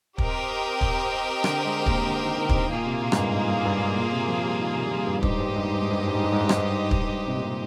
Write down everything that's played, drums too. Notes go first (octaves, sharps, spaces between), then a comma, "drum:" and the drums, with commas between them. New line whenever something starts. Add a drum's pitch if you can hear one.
C4 G4 A#4 D#5 G5, drum: kick
drum: kick
D3, drum: rim click
G#3
A#3, drum: kick
D3
D#3
D#3
drum: kick
A#2 A#3 F4 G#4
C3
A#2
G#2, drum: rim click
G2
G#2
G#2
G2
G#2
A#2
C3
F3
G3
D#3
C3
G3
F3
G2
G2 D#4 G4 C5 D#5, drum: kick
G#2
G2
G#2
G2
G#2
G2
G#2
G2
G#2
G2
G#2
G2
G#2
G2
G#2, drum: rim click
G2
drum: kick
G2
G#2
C3
A#2
C3